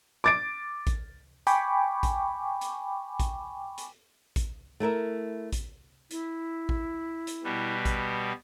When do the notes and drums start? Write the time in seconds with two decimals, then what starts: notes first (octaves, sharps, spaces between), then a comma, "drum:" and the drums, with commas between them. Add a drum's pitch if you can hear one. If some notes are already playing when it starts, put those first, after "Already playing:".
0.24 D6 A6 D7
0.87 drum: kick A1, hi-hat
1.47 G5 G#5 B5 C#6 D6, drum: hi-hat
2.03 drum: kick A1, hi-hat
2.61 drum: hi-hat
3.20 drum: kick A1, hi-hat
3.78 drum: hi-hat
4.36 drum: kick A1, hi-hat
4.80 A3 E4 A#4 E5
5.52 drum: kick A1, hi-hat
6.11 E4, drum: hi-hat
6.69 drum: kick A1
7.27 drum: hi-hat
7.44 B2 G3 B3
7.85 drum: kick A1, hi-hat